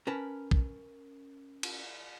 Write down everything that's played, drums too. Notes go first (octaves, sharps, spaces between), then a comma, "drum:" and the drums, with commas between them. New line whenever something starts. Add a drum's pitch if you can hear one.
C#4 A#4 B4 A5
drum: kick
drum: cymbal